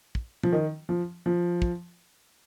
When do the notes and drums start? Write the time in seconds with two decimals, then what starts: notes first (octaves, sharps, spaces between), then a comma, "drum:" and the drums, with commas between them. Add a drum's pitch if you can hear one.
0.15 drum: kick
0.43 F3, drum: tom
0.52 D#3
0.89 F3
1.26 F3
1.62 drum: kick